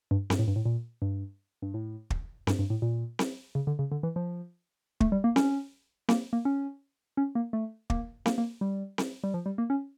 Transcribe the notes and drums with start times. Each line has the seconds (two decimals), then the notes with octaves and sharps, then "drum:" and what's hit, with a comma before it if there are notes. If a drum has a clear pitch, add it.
0.11 G2
0.30 G2, drum: snare C4
0.39 A2
0.48 G2
0.56 A2
0.65 A#2
1.02 G2
1.62 G2
1.74 A2
2.10 drum: kick
2.47 G2, drum: snare C4
2.59 G2
2.70 A2
2.82 A#2
3.19 drum: snare C4
3.55 C#3
3.67 D3
3.79 C#3
3.92 D3
4.03 E3
4.16 F3
5.01 A3, drum: kick
5.12 G3
5.24 A#3
5.36 C#4, drum: snare C4
6.09 A#3, drum: snare C4
6.33 A#3
6.45 C#4
7.17 C#4
7.35 A#3
7.53 A3
7.90 A#3, drum: kick
8.26 A#3, drum: snare C4
8.38 A#3
8.61 G3
8.98 drum: snare C4
9.24 G3
9.34 F3
9.46 G3
9.58 A#3
9.70 C#4